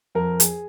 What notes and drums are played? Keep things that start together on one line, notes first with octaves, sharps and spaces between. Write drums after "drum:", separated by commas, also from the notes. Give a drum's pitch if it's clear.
F2 A#4
G#4, drum: hi-hat